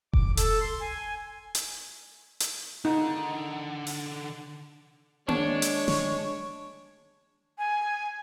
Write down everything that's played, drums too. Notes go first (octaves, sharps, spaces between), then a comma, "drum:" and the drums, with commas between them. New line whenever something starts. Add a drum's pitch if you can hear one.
D6, drum: kick F1
A4, drum: hi-hat
C6
G#5
drum: hi-hat
drum: hi-hat
D3 D#4 F#5
drum: open hi-hat
G#3 D4 C#5, drum: tom A#3
drum: hi-hat
drum: snare
G#5